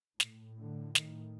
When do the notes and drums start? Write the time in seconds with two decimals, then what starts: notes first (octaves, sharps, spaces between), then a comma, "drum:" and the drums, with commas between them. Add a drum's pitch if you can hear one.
0.20 A2, drum: snare
0.58 D3
0.95 D#3, drum: snare